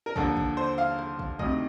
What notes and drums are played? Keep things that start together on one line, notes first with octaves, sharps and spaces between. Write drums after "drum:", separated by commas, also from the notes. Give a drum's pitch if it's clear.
A#4
D#2 D3 F3 A4, drum: kick
drum: kick
C5
F5
drum: rim click
drum: kick
D2 C3 D#3 D#5, drum: kick